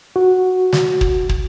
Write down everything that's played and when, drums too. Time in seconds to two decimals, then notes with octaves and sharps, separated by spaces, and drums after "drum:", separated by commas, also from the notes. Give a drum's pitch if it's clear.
0.16 F#4
0.73 drum: snare
1.01 drum: kick
1.29 drum: kick